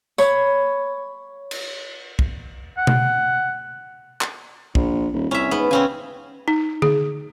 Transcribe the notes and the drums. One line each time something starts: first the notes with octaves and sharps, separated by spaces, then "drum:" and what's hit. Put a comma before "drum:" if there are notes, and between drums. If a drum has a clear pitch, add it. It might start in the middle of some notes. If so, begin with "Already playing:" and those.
C#5 B5 C#6, drum: tambourine
drum: cymbal
drum: kick
F#5
drum: tom B2
drum: clap
A#1, drum: kick
D#1
C2 C#4 E5
G#2 B3
C#3 C4 C#4 G#5
D#4
G#4, drum: tom D3